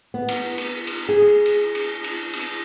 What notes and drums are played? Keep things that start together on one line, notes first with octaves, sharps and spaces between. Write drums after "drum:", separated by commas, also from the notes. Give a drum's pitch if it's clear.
B3
drum: cymbal
drum: cymbal
drum: cymbal
G#4
drum: cymbal
drum: cymbal
drum: cymbal
drum: cymbal